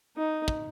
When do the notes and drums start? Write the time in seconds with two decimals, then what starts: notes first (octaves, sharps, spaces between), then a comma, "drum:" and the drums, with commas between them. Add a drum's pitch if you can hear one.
0.17 D#4
0.48 drum: kick